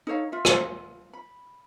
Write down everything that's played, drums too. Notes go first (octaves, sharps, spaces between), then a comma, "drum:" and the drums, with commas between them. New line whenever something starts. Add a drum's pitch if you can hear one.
D#4 A4 C#5 F5
F4 E5
drum: rim click
B5